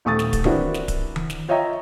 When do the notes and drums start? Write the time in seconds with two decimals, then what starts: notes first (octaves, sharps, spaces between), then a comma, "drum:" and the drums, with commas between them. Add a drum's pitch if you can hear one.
0.05 D#1 A3 C#6 D#6 A6
0.19 drum: snare
0.33 drum: kick D1, hi-hat
0.44 E3 A#3 C4 D4 E4 F#4, drum: tom D#3
0.74 drum: snare
0.88 drum: kick D1, hi-hat
1.16 drum: tom D#3
1.30 drum: snare
1.48 F4 C#5 D#5 E5 G5 A#5